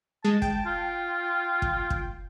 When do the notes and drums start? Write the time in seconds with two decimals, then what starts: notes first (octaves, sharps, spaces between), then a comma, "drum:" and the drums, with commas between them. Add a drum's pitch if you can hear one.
0.24 G#3 A5
0.42 G5, drum: kick
0.65 F4
1.62 drum: kick
1.90 drum: kick